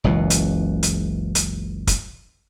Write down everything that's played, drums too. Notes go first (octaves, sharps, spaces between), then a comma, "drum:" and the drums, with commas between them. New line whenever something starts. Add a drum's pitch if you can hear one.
F#1 C#2 B2 E3
drum: hi-hat
drum: hi-hat
drum: hi-hat
drum: kick, hi-hat